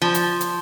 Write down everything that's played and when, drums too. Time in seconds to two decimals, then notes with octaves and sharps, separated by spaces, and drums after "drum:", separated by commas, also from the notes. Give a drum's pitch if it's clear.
0.02 F3
0.15 drum: hi-hat
0.41 drum: hi-hat